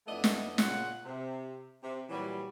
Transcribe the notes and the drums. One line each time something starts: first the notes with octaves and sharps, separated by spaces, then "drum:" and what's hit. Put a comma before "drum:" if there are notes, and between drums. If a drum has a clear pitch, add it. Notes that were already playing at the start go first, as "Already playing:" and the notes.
F2 A3 B3 D4 E4 D#5
drum: snare
A#2 C#3 C#4 F4 F#5, drum: snare
C3
C3
A#2 E3 F#3 G3